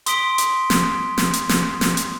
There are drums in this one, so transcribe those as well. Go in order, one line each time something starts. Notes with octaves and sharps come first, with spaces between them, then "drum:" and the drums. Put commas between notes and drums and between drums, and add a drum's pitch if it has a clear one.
C6 D#6 B6 D7 G7, drum: hi-hat
drum: hi-hat
drum: snare
drum: snare
drum: hi-hat
drum: snare
drum: snare
drum: hi-hat